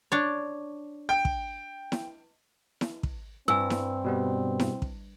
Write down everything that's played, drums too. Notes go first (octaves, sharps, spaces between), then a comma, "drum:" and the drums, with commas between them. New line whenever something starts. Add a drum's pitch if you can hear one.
D4 C#5
G5
drum: kick
drum: snare E4
drum: snare E4
drum: kick
G2 C4 G#5 E6
drum: snare E4
B2 G3 B3
drum: snare E4
drum: kick